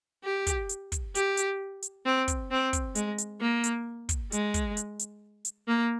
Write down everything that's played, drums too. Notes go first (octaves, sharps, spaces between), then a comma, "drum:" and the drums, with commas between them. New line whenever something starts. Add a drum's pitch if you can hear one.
G4
drum: kick, hi-hat
drum: hi-hat
drum: kick, hi-hat
G4, drum: hi-hat
drum: hi-hat
drum: hi-hat
C4
drum: kick, hi-hat
C4
drum: kick, hi-hat
G#3, drum: hi-hat
drum: hi-hat
A#3
drum: hi-hat
drum: kick, hi-hat
G#3, drum: hi-hat
drum: kick, hi-hat
drum: hi-hat
drum: hi-hat
drum: hi-hat
A#3